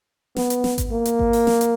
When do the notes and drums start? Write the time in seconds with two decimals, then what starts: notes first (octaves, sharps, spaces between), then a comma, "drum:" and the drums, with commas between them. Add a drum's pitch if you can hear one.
0.37 B3, drum: snare
0.50 drum: hi-hat
0.64 drum: snare
0.78 drum: kick G#1, hi-hat
0.92 A#3
1.05 drum: hi-hat
1.19 drum: kick G#1
1.33 drum: open hi-hat
1.47 drum: snare
1.61 drum: hi-hat